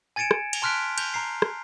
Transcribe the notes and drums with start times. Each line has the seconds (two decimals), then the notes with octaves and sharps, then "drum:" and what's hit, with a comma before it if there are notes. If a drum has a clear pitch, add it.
0.16 G#5 G#6 A6 C#7 D7 E7
0.31 drum: rim click
0.53 drum: cymbal
0.62 A5 C6 F6 F#6 B6 D7
0.98 G6, drum: cymbal
1.14 A#5 C7
1.42 drum: rim click